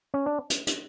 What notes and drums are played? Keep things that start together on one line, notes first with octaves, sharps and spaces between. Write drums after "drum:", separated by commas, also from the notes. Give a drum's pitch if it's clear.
C#4
D4
drum: hi-hat
drum: hi-hat